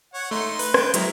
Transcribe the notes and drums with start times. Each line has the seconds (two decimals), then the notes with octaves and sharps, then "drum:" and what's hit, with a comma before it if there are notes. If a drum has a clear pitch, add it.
0.14 C#5 F#5
0.31 A3 D#4 C6
0.59 B4, drum: open hi-hat
0.74 G5, drum: rim click
0.94 F#3 G#3 E4 A#4, drum: hi-hat